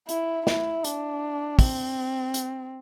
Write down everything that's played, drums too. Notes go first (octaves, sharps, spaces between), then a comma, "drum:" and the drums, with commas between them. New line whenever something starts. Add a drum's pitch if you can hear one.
E4, drum: hi-hat
E4, drum: snare
D4, drum: hi-hat
C4, drum: kick, open hi-hat
drum: hi-hat